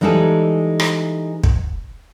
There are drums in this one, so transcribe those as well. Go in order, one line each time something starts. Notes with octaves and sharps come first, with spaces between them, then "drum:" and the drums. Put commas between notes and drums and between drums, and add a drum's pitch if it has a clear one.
E3 G3 G#3 D#4 G#4 A4
drum: rim click
drum: kick